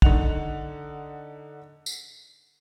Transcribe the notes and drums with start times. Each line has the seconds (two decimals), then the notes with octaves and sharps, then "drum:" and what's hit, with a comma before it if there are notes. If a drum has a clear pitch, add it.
0.02 D3 D#4 F#5 F7, drum: kick
1.86 drum: tambourine